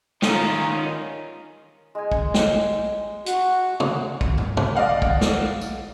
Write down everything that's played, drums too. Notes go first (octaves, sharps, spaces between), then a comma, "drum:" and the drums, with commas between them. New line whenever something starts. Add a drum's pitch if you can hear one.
D#3 C#4 F4 A#5, drum: snare
G#3 G#5
drum: kick
drum: snare
F#4, drum: hi-hat
drum: tom
drum: kick
drum: tom
drum: tom
D5 D#5 F5 F#5
drum: kick
drum: snare
drum: tambourine